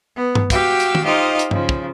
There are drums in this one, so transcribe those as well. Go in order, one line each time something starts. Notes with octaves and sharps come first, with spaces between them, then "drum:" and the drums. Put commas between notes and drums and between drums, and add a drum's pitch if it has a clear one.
B3
drum: tom G2
F#4 G4 F5 G5 E6, drum: kick, hi-hat
drum: hi-hat
drum: tom
D#4 F4 G4 C5 D#5 F5
drum: hi-hat
C#3 F3, drum: tom G2
drum: kick